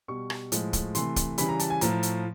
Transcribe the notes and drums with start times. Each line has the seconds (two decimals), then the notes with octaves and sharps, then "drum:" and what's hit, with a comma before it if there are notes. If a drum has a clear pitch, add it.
0.08 B2 G3 C#6
0.30 drum: rim click
0.52 A2 F3 G#3, drum: hi-hat
0.73 drum: kick, hi-hat
0.95 C3 E3 A3 C6, drum: hi-hat
1.16 drum: kick, hi-hat
1.38 C#3 E3 G3 B5, drum: hi-hat
1.49 A#5
1.59 A5, drum: hi-hat
1.70 G#5
1.81 A2 F3 A3 A#5, drum: hi-hat
2.03 drum: hi-hat